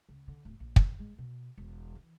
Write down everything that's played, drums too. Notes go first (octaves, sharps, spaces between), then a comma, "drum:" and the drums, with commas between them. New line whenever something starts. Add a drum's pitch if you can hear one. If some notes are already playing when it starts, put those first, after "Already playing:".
C#2
D3
D1
A#1
F2, drum: kick
G#3
B2
E1
E3